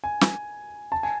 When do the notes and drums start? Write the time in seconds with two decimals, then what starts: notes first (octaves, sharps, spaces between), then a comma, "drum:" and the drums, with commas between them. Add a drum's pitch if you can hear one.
0.04 G#5
0.21 drum: snare
0.92 A5
1.03 G#5